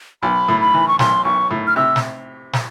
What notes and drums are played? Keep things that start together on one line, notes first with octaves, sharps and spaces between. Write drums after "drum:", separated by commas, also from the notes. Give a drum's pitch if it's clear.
B1 B5
A2
B5
E3
C#6
B1 C6, drum: snare
B1 C#6
A2
F6
C3 E6
drum: snare
drum: snare